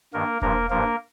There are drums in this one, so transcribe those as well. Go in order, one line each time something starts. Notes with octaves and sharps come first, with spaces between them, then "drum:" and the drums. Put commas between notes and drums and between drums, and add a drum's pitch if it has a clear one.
G2 D#3 A#3 A#4
G2 F3 A#3 A#4, drum: kick E1
G2 F3 A#3 A#4